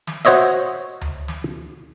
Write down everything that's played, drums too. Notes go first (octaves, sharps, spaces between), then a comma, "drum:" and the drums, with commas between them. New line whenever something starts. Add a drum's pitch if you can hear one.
drum: snare
F#4 C5 C#5 D#5 E5
drum: tom D2
drum: snare